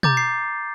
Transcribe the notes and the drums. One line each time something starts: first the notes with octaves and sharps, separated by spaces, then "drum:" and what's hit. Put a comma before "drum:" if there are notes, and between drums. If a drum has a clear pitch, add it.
A#5 D6 G6 A6, drum: tom
C7